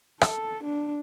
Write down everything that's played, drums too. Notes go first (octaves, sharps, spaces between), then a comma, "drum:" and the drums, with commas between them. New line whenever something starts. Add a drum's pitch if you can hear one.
A4, drum: rim click
D4